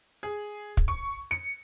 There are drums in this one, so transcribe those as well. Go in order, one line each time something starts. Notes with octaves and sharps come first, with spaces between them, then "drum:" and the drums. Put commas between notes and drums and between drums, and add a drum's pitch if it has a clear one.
G#4
drum: kick
C#6
C#7